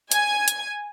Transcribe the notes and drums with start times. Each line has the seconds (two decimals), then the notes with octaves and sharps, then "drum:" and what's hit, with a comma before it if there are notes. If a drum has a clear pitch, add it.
0.12 G#5, drum: hi-hat
0.48 drum: hi-hat